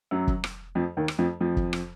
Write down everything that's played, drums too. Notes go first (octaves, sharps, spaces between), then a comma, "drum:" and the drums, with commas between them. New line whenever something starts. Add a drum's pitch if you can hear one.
F#2 F#3
drum: kick
drum: rim click
F2 F3
D#2 D#3
drum: rim click
F2 F3
F2 F3
drum: kick
drum: rim click